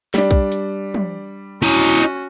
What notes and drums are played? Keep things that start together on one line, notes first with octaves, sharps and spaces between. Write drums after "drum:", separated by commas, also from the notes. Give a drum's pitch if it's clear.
G3 D4, drum: snare
drum: kick B1
drum: hi-hat
drum: tom
C#4 E4 F#4 D#5, drum: open hi-hat